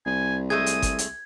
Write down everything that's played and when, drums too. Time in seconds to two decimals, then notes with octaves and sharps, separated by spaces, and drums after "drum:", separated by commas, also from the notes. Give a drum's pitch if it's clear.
0.06 C2 G#5
0.50 G#3 A3 G#4 D#6 G#6
0.66 drum: hi-hat
0.82 drum: kick G1, hi-hat
0.99 drum: hi-hat